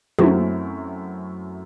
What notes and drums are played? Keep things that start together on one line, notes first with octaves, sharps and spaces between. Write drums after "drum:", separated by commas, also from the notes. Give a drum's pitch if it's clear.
F#2 F#3 A3 C4 E4, drum: tom